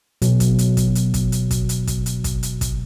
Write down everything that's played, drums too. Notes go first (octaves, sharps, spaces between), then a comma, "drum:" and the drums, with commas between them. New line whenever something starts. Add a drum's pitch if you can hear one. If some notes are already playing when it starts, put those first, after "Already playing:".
B2 F#3, drum: hi-hat
drum: kick, hi-hat
drum: hi-hat
drum: kick, hi-hat
drum: hi-hat
drum: kick, hi-hat
drum: hi-hat
drum: kick, hi-hat
drum: hi-hat
drum: kick, hi-hat
drum: hi-hat
drum: kick, hi-hat
drum: hi-hat
drum: kick, hi-hat